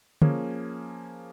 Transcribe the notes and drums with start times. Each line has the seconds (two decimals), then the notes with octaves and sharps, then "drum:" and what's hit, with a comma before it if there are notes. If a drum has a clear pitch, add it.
0.22 F3 A#3 C#4 G#4 C#5, drum: tom